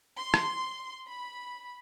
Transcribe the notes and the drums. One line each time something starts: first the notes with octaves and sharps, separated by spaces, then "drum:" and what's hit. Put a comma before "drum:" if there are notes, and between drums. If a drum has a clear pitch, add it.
C6
drum: rim click
B5